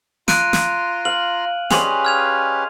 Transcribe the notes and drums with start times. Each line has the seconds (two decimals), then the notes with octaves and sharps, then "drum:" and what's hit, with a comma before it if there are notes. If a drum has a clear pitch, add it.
0.28 F4 A#5 C6 F#6 D7 D#7, drum: snare
0.53 drum: snare
1.05 F5 F#7
1.70 C#4 G4 G#4 B4 D5 D#5 C6 F7, drum: snare
2.05 F6 G#6 F7